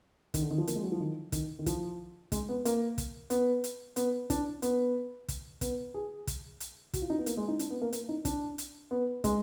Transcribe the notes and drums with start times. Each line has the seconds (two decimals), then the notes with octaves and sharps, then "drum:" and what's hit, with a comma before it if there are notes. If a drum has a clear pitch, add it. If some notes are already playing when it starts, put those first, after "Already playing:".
0.34 D#3, drum: kick, hi-hat
0.42 D3
0.51 D#3
0.58 F3
0.67 A#3, drum: hi-hat
0.76 G#3
0.83 F#3
0.92 F3
1.00 D#3
1.32 D#3, drum: kick, hi-hat
1.59 D#3
1.66 F3, drum: kick, hi-hat
2.32 G#3, drum: kick, hi-hat
2.49 B3
2.65 A#3, drum: hi-hat
2.98 drum: kick, hi-hat
3.30 B3, drum: hi-hat
3.64 drum: hi-hat
3.96 B3, drum: hi-hat
4.30 D4, drum: kick, hi-hat
4.62 B3, drum: hi-hat
5.28 drum: kick, hi-hat
5.61 B3, drum: kick, hi-hat
5.94 G#4
6.27 drum: kick, hi-hat
6.60 drum: hi-hat
6.94 F#4, drum: kick, hi-hat
7.02 F4
7.10 D#4
7.18 B3
7.26 A#3, drum: hi-hat
7.37 G#3
7.48 D#4
7.59 D4, drum: hi-hat
7.70 B3
7.82 A#3
7.93 A#3, drum: hi-hat
8.09 D#4
8.25 D4, drum: kick, hi-hat
8.58 drum: hi-hat
8.91 B3
9.24 G#3, drum: kick, hi-hat